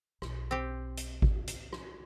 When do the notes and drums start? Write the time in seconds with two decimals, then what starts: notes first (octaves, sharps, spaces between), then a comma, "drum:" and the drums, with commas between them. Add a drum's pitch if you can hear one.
0.22 B1, drum: rim click
0.51 C4 G4
0.97 drum: hi-hat
1.22 drum: kick G#1
1.47 drum: hi-hat
1.73 drum: rim click